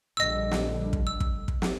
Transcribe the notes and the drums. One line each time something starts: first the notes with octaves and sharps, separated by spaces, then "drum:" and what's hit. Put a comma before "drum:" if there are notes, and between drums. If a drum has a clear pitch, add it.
A#1 D3 G3 D#5 E6
drum: snare
drum: kick
E6
drum: kick
drum: kick
drum: snare